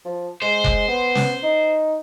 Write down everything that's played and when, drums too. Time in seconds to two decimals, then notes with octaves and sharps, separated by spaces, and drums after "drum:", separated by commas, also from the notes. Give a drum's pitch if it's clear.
0.05 F3
0.42 G#3 C5
0.64 drum: kick F1
0.88 B3
1.15 drum: snare
1.43 D#4